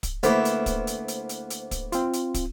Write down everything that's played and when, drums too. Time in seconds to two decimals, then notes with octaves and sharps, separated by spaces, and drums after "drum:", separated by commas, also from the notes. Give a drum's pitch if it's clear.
0.03 drum: kick, hi-hat
0.23 D2 A#3 B3 E4 C5, drum: hi-hat
0.45 drum: hi-hat
0.66 drum: kick, hi-hat
0.87 drum: hi-hat
1.08 drum: hi-hat
1.29 drum: hi-hat
1.50 drum: hi-hat
1.71 drum: kick, hi-hat
1.92 C4 F4, drum: hi-hat
2.13 drum: hi-hat
2.34 drum: kick, hi-hat